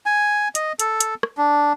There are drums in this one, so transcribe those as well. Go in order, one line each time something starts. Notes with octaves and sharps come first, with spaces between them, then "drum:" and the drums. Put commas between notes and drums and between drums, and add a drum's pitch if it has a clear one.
G#5
D#5, drum: hi-hat
A4, drum: hi-hat
drum: hi-hat
drum: rim click
D4